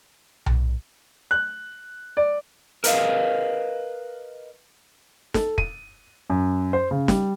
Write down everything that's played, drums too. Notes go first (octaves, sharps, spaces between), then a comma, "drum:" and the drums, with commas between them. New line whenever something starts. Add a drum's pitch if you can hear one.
drum: tom B1
F#6
D5
A#4 B4 D#5 F5, drum: hi-hat
A4, drum: snare
D#7, drum: kick
F#2
C5
C#3
G3, drum: snare